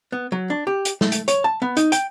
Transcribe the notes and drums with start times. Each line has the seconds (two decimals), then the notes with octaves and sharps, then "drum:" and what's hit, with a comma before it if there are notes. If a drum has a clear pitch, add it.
0.12 B3
0.32 F#3
0.50 D4
0.67 G4
0.85 drum: hi-hat
1.01 A3, drum: snare
1.12 drum: hi-hat
1.28 C#5, drum: hi-hat
1.44 A5
1.62 B3
1.77 D#4, drum: hi-hat
1.92 G5, drum: hi-hat